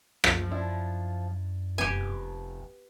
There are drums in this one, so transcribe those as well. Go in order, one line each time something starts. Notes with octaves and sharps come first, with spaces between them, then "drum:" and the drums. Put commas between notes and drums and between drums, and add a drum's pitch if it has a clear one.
F#2 F3 A3, drum: rim click
D4 E4
F1 B3 G4 G#5